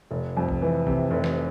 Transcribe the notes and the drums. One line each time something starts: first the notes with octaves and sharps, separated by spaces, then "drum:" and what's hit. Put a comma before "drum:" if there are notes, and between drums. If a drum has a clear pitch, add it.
F1
F2
drum: kick
E3
C3, drum: kick
F1
drum: snare